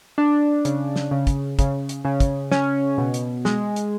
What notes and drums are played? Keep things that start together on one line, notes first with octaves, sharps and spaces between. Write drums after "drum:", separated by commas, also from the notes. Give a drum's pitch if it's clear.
D4
C#3, drum: hi-hat
drum: snare
C#3
drum: kick, hi-hat
C#3, drum: kick, hi-hat
drum: hi-hat
C#3
drum: kick, hi-hat
C#4, drum: snare
B2
drum: hi-hat
G#3, drum: snare
drum: hi-hat